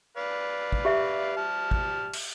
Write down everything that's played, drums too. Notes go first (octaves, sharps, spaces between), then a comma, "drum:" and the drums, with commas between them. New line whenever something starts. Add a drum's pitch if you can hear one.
B4 D5 F5
drum: kick
G4 E5
G3 A5 F6
drum: kick
drum: cymbal